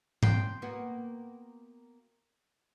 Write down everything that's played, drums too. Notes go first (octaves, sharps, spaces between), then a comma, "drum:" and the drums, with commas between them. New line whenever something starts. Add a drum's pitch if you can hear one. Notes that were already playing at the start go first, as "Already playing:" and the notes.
G5 C6, drum: tom G#2
A#3 B3 F#4